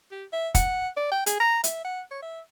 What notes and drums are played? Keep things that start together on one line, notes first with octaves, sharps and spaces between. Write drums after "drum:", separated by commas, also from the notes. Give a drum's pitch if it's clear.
G4
E5
F#5, drum: kick, hi-hat
D5
G5
G#4, drum: hi-hat
A#5
E5, drum: hi-hat
F#5
C#5
E5